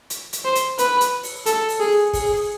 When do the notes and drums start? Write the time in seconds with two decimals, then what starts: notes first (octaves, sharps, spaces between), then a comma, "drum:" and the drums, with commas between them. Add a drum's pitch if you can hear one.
0.10 drum: hi-hat
0.33 drum: hi-hat
0.45 C5
0.55 drum: hi-hat
0.78 B4, drum: hi-hat
1.01 drum: hi-hat
1.23 drum: open hi-hat
1.46 A4, drum: hi-hat
1.69 drum: open hi-hat
1.80 G#4
2.13 G#4, drum: kick, open hi-hat